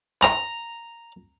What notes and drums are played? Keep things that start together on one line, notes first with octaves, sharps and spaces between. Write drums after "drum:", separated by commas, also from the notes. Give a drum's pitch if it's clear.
A#5, drum: clap